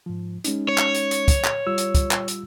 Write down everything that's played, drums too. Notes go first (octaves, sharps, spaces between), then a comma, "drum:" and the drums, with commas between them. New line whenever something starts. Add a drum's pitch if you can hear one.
G#2 F3
G#3 C#4 D#4, drum: hi-hat
C#5
drum: clap
drum: hi-hat
drum: hi-hat
drum: kick, hi-hat
drum: clap
G3 F4 E6
drum: hi-hat
drum: kick, hi-hat
drum: clap
drum: hi-hat